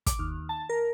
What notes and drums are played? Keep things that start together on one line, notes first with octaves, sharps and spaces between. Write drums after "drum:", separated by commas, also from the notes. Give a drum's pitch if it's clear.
D6, drum: kick, hi-hat
D#2
A5
A#4